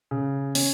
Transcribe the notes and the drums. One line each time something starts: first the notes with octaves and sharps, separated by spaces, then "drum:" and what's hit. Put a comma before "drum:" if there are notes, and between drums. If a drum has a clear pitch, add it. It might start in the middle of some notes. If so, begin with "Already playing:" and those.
C#3
C#4, drum: open hi-hat